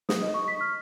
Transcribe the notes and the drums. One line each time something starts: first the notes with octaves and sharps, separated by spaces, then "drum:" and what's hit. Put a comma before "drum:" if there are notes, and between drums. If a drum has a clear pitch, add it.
D#6, drum: snare
D#5
C#6
B6
F6